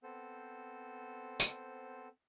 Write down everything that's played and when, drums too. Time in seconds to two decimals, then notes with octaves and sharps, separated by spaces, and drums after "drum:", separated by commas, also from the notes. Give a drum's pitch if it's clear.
0.03 B3 C4 A4 C5
1.40 drum: tambourine